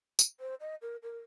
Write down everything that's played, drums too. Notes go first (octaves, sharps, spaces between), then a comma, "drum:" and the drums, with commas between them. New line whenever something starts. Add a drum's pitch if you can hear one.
drum: tambourine
C5
D#5
A#4
A#4